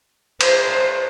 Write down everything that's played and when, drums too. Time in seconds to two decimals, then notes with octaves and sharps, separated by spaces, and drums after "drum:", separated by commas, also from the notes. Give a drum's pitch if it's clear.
0.41 C5, drum: cymbal